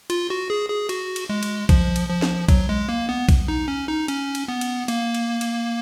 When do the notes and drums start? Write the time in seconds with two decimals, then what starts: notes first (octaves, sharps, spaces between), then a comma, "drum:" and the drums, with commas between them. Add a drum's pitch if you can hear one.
0.10 F4, drum: cymbal
0.30 F#4
0.50 G#4
0.69 G#4
0.89 F#4, drum: cymbal
1.16 drum: cymbal
1.29 G#3
1.43 drum: cymbal
1.69 F3, drum: kick, cymbal
1.96 drum: cymbal
2.09 F3
2.22 drum: snare
2.49 F#3, drum: kick, cymbal
2.69 G#3
2.89 A#3
3.09 B3
3.29 drum: kick, cymbal
3.48 D#4
3.68 C#4
3.88 D#4
4.08 C#4, drum: cymbal
4.35 drum: cymbal
4.48 B3
4.61 drum: cymbal
4.88 A#3, drum: cymbal
5.15 drum: cymbal
5.41 drum: cymbal